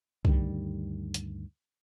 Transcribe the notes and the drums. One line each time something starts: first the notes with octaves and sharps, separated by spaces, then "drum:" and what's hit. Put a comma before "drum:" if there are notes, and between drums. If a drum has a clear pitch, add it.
D2 G2 D#3 G3, drum: kick C2
drum: hi-hat